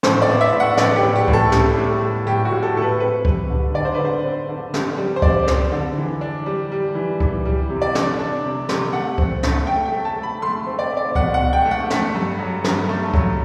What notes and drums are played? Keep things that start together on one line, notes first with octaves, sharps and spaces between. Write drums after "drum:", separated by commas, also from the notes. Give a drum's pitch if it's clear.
A2 C5, drum: snare
D5
B3
E5
A2
F#5
B3 D5, drum: snare
G4
A2
G4
A2, drum: kick C#2
A4
G3, drum: snare
A2
A2
A2 G4
F#4
A2
A4
A2 A4
B4
C4 B4
G3, drum: kick C#2
D3
D3 D5
C5
D3 B4
C5
C4
D3
G3, drum: snare
G3
C5
C4 D5, drum: kick C#2
C4, drum: snare
D3
E3
D4
G3
G3
E3
E3, drum: kick C#2
G3
C3
D5
D4, drum: snare
D4
C3
C3, drum: snare
A3 F#5
C4, drum: kick C#2
A3, drum: snare
A3 G5
G5
A3
A5
A3
B5
A3 C6
C4
D5
C4
D5
B2 F#5, drum: kick C#2
F#5
B2
G5
A3
F#5
A3, drum: snare
G2
F#3
G2, drum: snare
A3
F#3, drum: kick C#2